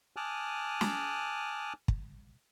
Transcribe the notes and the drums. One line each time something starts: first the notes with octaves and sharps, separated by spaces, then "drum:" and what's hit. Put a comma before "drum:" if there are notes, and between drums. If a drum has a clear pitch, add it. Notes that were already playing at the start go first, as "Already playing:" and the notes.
G#5 A5 D6 D#6 F6 F#6
drum: snare
drum: kick